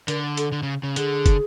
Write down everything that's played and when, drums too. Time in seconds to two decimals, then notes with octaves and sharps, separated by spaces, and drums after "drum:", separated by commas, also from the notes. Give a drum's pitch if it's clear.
0.08 D3 A#4, drum: hi-hat
0.37 A4, drum: hi-hat
0.52 D3
0.63 C#3
0.83 C#3
0.96 D3 G#4, drum: hi-hat
1.26 drum: kick, hi-hat